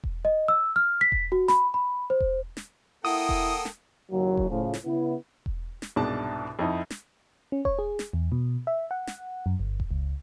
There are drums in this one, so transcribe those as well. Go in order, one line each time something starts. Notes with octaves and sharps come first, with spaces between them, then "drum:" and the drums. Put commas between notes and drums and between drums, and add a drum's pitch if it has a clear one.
drum: kick E1
D#5
E6
F6
B6
drum: kick E1
F#4
B5, drum: snare
B5
C5
drum: kick E1
drum: snare
A#3 E4 A4 F#5 G5 D#6
drum: kick E1
drum: snare
F#1 D#2 F#3
drum: kick E1
A2 C#3 F3
drum: snare
C#3 B3 E4
drum: kick E1
drum: snare
C2 G#2 B2 D4 A5
F2 D#4 E4
drum: snare
C#4
C#5, drum: kick E1
G#4
drum: snare
E2
B2
E5
F#5
drum: snare
F#2
G1
drum: kick E1
C#2